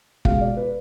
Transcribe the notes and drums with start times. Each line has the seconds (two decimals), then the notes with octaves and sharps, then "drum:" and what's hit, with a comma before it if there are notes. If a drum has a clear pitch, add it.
0.25 B2 G#3 F5, drum: kick
0.41 D5
0.57 B4